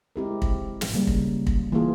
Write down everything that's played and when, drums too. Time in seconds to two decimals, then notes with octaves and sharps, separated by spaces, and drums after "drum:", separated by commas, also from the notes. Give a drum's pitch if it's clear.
0.16 G#3 C4 E4 G4 A#4
0.42 drum: kick
0.81 drum: snare
0.94 C#3 G3 A#3
1.07 drum: kick
1.47 drum: kick
1.72 E3 A#3 F4 G#4